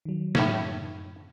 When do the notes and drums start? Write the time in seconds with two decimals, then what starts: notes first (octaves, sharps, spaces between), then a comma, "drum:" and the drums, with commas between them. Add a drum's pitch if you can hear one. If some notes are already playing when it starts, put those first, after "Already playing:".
0.05 D#3 F#3
0.35 F#2 A2 C#4 D#4, drum: snare